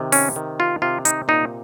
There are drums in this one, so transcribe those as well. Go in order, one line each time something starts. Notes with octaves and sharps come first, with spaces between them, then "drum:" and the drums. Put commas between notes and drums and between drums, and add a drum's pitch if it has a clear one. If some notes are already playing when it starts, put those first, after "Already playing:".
Already playing: C3 D#3
C#4, drum: open hi-hat
D#3
F4
C3 F4
D#4, drum: hi-hat
A#2 D#4